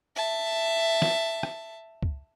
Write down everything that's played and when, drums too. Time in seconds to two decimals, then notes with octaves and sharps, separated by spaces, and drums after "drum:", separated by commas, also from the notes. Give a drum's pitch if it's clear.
0.16 E5 A5
1.02 drum: snare
1.43 drum: rim click
2.03 drum: kick C#2